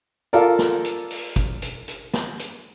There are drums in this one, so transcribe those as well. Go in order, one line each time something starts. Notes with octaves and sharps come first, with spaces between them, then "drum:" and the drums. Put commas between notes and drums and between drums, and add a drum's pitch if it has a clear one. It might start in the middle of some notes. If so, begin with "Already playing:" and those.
F4 A4 A#4 D5
drum: snare
drum: hi-hat
drum: open hi-hat
drum: kick, hi-hat
drum: hi-hat
drum: hi-hat
drum: snare
drum: hi-hat